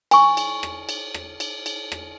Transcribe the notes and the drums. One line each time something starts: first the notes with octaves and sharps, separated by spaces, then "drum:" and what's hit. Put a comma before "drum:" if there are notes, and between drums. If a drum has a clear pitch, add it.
G#5 C#6, drum: cymbal
drum: cymbal
drum: rim click
drum: cymbal
drum: rim click
drum: cymbal
drum: cymbal
drum: rim click